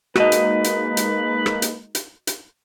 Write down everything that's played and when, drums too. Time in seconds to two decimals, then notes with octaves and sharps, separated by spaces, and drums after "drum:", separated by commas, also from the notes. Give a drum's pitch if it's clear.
0.16 G#3 A#3 D#4 F#4 B4 D#5, drum: rim click
0.32 drum: hi-hat
0.64 drum: hi-hat
0.97 drum: hi-hat
1.46 drum: rim click
1.62 drum: hi-hat
1.95 drum: hi-hat
2.27 drum: hi-hat